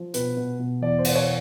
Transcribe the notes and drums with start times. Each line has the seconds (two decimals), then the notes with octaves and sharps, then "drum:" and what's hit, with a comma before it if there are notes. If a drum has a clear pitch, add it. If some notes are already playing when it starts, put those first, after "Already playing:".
Already playing: F3
0.14 B2 B4, drum: hi-hat
0.37 B2
0.59 B2
0.82 E2 D5
0.99 C5
1.05 B2 D5, drum: cymbal
1.15 C#5